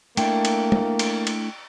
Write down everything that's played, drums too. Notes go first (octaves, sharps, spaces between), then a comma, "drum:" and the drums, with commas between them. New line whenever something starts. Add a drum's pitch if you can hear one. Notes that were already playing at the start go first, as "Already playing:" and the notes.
A3 A#3 D4 E4 G5, drum: cymbal
drum: cymbal
drum: tom G#3
drum: cymbal
drum: cymbal